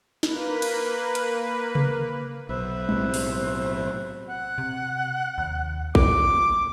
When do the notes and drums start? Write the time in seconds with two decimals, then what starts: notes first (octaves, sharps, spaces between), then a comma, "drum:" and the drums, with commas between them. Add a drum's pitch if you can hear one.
0.23 A#3 B4, drum: snare
0.62 drum: cymbal
1.15 drum: hi-hat
1.75 drum: tom C3
2.49 B1 B4 C5 E5
2.89 B1 A2 C3, drum: tom G3
3.14 drum: open hi-hat
4.29 F#5
4.58 C3
5.38 D#2
5.95 A#3 D6, drum: kick